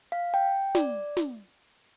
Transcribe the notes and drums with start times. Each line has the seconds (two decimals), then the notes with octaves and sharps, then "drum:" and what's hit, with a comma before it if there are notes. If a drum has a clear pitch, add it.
0.12 F5
0.34 G5
0.75 D5, drum: snare
1.17 drum: snare